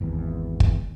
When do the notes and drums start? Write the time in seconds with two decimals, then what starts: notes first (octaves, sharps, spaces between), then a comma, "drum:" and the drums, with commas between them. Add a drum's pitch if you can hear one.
0.01 G#1 E2
0.60 drum: kick